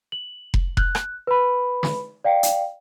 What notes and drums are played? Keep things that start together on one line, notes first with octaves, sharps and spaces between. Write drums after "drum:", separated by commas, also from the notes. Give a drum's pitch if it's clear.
F#7
drum: kick F1
F#6, drum: kick F1
drum: rim click
B4 B5
drum: snare
D5 F5 G5
drum: hi-hat